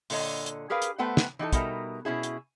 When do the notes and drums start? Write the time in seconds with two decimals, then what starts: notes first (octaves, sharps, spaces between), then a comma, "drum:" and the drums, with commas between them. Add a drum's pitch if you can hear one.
0.10 A#2 D3 A4 C#5 D#5, drum: open hi-hat
0.46 drum: hi-hat
0.70 G4 G#4 A#4 B4 F5
0.82 drum: hi-hat
0.98 A3 B3 A4 C5 F#5 G5
1.17 drum: snare
1.39 E3 D#4 F#4 A4
1.53 B2 G3 D#4 A4 A#4 E5, drum: kick, hi-hat
2.05 B2 C#4 E4 G#4
2.23 drum: hi-hat